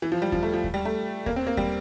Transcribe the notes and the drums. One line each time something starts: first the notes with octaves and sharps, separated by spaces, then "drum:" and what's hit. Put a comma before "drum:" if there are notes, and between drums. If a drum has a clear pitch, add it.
E3
F3
G3
F3, drum: kick D#2
A3
F3
drum: kick D#2
G3
A3
A#3, drum: kick D#2
C4
A#3
G3, drum: kick D#2